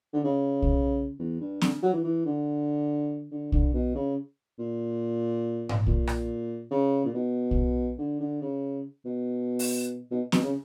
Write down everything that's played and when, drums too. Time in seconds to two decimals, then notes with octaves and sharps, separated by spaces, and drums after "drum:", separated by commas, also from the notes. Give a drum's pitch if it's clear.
0.13 D3
0.24 C#3
0.62 drum: kick
1.19 E2
1.40 G2
1.61 D3, drum: snare C4
1.83 F#3
1.93 E3
2.04 E3
2.26 D3
3.31 D3
3.52 D3, drum: kick
3.74 B2
3.95 C#3
4.59 A#2
5.69 drum: tom G#2
5.86 A#2, drum: kick
6.07 drum: rim click
6.71 C#3
7.05 A#2
7.14 B2
7.51 drum: kick
7.98 D3
8.20 D3
8.42 C#3
9.05 B2
9.59 drum: open hi-hat
10.11 B2
10.32 B2, drum: snare C4
10.43 C#3